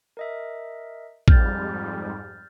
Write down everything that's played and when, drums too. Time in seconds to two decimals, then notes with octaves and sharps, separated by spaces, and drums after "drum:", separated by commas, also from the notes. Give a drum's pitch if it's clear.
0.17 A#4 D#5 E5
1.28 F2 G#2 G3 F6 G6 A6, drum: kick